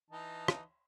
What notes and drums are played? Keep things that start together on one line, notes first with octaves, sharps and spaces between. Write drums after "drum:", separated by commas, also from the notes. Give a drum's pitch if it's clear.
E3 D#4 A5
drum: rim click